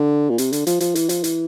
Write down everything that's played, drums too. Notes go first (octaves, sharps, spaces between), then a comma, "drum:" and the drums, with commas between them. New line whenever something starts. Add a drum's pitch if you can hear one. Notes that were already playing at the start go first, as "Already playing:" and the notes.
Already playing: D3
A#2
C3, drum: hi-hat
D3, drum: hi-hat
F3, drum: hi-hat
F3, drum: hi-hat
E3, drum: hi-hat
F3, drum: hi-hat
E3, drum: hi-hat